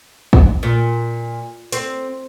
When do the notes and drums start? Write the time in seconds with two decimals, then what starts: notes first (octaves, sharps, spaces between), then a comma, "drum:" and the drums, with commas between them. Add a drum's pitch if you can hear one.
0.33 drum: kick
0.63 A#2
1.72 C4, drum: hi-hat